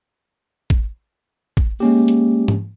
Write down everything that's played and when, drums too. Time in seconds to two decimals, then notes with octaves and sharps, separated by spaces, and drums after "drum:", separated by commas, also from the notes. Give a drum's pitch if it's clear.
0.70 drum: kick
1.57 drum: kick
1.80 G#3 A#3 C#4 G4
2.08 drum: hi-hat
2.48 drum: tom G#2